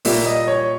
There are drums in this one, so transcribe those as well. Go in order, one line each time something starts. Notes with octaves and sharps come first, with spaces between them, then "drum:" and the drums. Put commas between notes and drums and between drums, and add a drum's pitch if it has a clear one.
A#2 G3 A#3 E5, drum: open hi-hat
D#5
C#5